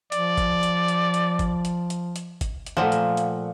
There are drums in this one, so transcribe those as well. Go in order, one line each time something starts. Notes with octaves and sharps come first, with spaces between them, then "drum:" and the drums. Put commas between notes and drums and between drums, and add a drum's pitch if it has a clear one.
F3 D5, drum: hi-hat
drum: kick, hi-hat
drum: hi-hat
drum: hi-hat
drum: hi-hat
drum: kick, hi-hat
drum: hi-hat
drum: hi-hat
drum: hi-hat
drum: kick, hi-hat
drum: hi-hat
A#2 F3 A3 F#5
drum: hi-hat
drum: hi-hat